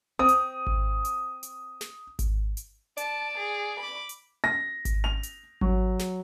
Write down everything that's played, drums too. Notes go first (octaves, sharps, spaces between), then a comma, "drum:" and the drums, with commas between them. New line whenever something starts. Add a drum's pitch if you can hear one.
C4 D#6
drum: hi-hat
drum: kick G#1
drum: hi-hat
drum: hi-hat
drum: snare
drum: kick G#1, hi-hat
drum: hi-hat
D5 A5, drum: hi-hat
G#4
B5 D6
drum: hi-hat
A#6
drum: kick G#1, hi-hat
F7
drum: hi-hat
F#3, drum: kick G#1
drum: snare